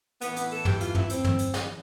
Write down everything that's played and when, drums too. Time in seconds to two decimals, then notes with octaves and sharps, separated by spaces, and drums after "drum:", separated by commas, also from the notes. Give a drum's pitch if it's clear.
0.21 A2 E3 B3, drum: hi-hat
0.36 drum: hi-hat
0.50 A4, drum: open hi-hat
0.65 G4, drum: tom
0.81 F4, drum: hi-hat
0.95 E4, drum: tom
1.10 C4, drum: hi-hat
1.24 drum: tom
1.39 A2 E3, drum: hi-hat
1.54 drum: snare